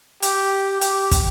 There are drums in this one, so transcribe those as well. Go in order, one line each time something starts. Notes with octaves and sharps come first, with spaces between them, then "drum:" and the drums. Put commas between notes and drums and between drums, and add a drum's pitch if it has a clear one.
G4, drum: hi-hat
G4, drum: hi-hat
drum: kick, hi-hat